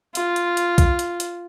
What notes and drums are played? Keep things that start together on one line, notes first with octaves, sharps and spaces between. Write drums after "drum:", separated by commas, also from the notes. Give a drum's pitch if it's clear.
F4, drum: hi-hat
drum: hi-hat
drum: hi-hat
drum: kick B1, hi-hat
drum: hi-hat
drum: hi-hat